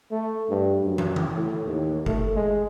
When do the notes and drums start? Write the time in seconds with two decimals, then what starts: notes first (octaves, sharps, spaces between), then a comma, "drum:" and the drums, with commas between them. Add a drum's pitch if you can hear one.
0.11 A3
0.50 G2
0.84 F#2
0.98 drum: tom
1.16 drum: tom D3
1.36 A2
1.66 D#2
2.06 A3, drum: kick F#1
2.36 G#3